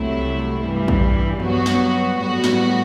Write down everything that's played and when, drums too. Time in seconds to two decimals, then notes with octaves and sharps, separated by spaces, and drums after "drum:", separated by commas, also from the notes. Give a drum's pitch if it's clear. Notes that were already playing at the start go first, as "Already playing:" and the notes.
Already playing: C2 C3 F#3 A3 E4
0.62 G2 E3 G3
0.88 drum: kick A#1
1.40 G2 F#3 B3 F#4, drum: tom D#3
1.66 drum: snare
2.18 A2 G3 B3 F#4
2.44 drum: snare